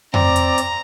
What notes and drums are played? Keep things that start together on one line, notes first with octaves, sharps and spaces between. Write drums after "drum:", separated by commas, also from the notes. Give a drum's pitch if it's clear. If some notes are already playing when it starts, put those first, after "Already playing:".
C4 D5 A#5, drum: tom F2
drum: hi-hat
drum: hi-hat